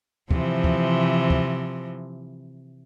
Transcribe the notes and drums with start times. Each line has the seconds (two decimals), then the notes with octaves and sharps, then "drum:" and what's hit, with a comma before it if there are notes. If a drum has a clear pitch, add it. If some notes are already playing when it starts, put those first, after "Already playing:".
0.31 C3 E3 F3, drum: kick
0.64 drum: kick
1.30 drum: kick